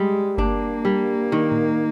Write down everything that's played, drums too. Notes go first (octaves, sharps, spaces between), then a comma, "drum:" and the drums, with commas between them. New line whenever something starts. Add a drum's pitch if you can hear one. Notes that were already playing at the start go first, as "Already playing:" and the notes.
Already playing: G3 G#3
A#3 D4, drum: kick G1
G3
D#3
drum: tom A2